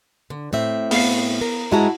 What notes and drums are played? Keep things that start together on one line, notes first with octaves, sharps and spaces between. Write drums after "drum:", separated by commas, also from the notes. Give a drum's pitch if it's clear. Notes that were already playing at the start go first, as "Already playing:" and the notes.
D3
A2 C4 E5
B3 F5 C7, drum: open hi-hat
A#4
G#2 G#3 E4 F#4 A5 A#5